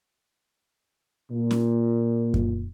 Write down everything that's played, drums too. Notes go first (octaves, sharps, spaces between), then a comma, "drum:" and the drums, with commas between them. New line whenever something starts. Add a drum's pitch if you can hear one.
A#2
drum: snare C#4
drum: kick F#2